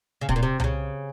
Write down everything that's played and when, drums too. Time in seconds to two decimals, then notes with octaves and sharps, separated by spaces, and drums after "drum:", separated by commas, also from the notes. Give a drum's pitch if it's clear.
0.21 C#3
0.29 C3, drum: kick
0.36 A#2
0.43 C3
0.60 C3, drum: tom C2
0.64 C#3